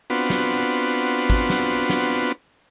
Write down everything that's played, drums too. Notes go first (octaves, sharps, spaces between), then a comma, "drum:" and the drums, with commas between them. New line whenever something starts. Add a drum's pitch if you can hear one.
B3 C4 D4 F4 F#4 B4
drum: snare
drum: kick
drum: snare
drum: snare